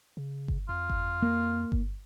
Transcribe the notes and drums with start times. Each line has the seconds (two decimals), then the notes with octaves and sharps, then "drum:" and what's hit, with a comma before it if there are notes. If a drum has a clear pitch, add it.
0.17 C#3
0.48 drum: kick G1
0.69 F2 F4
0.90 drum: kick G1
1.22 A#3
1.72 drum: kick G1